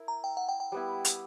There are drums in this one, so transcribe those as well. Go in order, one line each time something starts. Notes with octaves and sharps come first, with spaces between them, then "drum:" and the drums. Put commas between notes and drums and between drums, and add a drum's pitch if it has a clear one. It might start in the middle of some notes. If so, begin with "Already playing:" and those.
Already playing: E4 A#4
A#5
G5
F#5
G5
G5
G3 B3 E4
drum: hi-hat